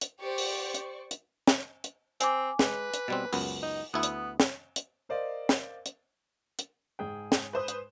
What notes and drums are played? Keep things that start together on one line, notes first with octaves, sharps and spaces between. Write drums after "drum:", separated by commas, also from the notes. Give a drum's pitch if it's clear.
drum: hi-hat
G4 C5 D5 C#6
drum: open hi-hat
drum: hi-hat
drum: hi-hat
drum: snare
drum: hi-hat
C4 G#5 D6, drum: hi-hat
G#3 B4, drum: snare
drum: hi-hat
B2 G3 C4
C#2 F#2 B3, drum: open hi-hat
D#4
D2 B3 E4 F#5 D#6
drum: hi-hat
drum: snare
drum: hi-hat
A#4 C5 D5 D#5 F5
drum: snare
drum: hi-hat
drum: hi-hat
G#2 G#4 G5
drum: snare
B4 C5 D#6
drum: hi-hat